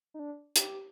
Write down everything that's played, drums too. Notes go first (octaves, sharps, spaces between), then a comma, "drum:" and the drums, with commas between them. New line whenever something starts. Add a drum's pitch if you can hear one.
D#4
D4
G4, drum: hi-hat